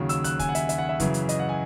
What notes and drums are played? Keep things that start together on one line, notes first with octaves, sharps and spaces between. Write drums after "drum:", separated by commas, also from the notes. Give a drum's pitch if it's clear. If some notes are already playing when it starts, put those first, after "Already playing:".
Already playing: D#2 C#3 F#3
E6, drum: hi-hat
F#6, drum: hi-hat
G#5, drum: kick, hi-hat
F#5
E5, drum: hi-hat
E5, drum: hi-hat
F#5
E5
F#2 C#3 E3, drum: kick, hi-hat
drum: hi-hat
D#5, drum: hi-hat
F#5
G#5